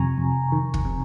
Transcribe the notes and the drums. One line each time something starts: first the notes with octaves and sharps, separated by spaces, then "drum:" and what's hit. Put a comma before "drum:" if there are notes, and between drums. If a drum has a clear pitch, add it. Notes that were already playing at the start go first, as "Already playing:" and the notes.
Already playing: F2 C3 D#3 G#5 A#5 C#6
F2
D#3
drum: kick
C3